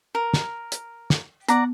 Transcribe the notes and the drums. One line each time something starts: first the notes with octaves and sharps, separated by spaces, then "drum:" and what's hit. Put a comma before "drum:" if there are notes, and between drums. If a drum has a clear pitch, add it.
A#4
drum: snare
drum: hi-hat
drum: snare
B3 D5 F#5 A#5, drum: hi-hat